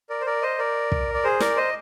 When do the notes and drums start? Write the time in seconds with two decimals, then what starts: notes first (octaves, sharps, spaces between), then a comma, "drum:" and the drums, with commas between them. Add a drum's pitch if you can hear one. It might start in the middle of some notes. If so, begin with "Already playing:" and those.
0.10 A#4 D5
0.21 C5
0.26 A#4 D5
0.42 C5 D#5
0.59 A#4 D5
0.92 drum: kick
1.14 D5
1.24 G#4 C5
1.40 A#4 D5, drum: snare
1.57 C5 D#5